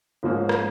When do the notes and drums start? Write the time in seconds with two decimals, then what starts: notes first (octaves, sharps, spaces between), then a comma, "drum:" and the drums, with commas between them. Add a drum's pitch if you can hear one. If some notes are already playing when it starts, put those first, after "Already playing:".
0.23 G#2 F3 A#3 C#4
0.49 drum: rim click